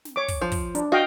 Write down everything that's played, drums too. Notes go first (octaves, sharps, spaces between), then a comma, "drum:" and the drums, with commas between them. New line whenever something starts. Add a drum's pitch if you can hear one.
drum: snare
C#5 D6
drum: kick, open hi-hat
F3
drum: kick, open hi-hat
D4, drum: hi-hat
F#4 D#5 F5 G5